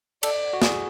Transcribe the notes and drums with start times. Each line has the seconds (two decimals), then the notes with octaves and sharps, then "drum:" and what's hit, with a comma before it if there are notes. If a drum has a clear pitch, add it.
0.23 A4 D5, drum: cymbal
0.53 F#4
0.62 G#4, drum: snare